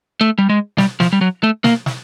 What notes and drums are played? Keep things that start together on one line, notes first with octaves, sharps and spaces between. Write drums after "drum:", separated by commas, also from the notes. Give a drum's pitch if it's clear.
A3
G3
G#3
G3, drum: snare
F3, drum: snare
G3
F#3
A3
A#3, drum: snare
drum: snare